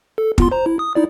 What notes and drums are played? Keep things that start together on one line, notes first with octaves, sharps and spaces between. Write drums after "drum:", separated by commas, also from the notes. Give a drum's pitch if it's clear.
A4
B3 F4 C6, drum: kick
C5 A#5
E4
D#6
D#4 E4 D5